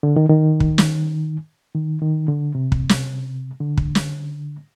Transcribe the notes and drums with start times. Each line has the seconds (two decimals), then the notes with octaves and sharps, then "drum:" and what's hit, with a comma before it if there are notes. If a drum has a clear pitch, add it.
0.03 D3
0.16 D#3
0.29 D#3
0.60 drum: kick
0.78 drum: snare
1.75 D#3
2.02 D#3
2.28 D3
2.55 C3
2.72 drum: kick
2.89 drum: snare
3.60 D3
3.77 drum: kick
3.95 drum: snare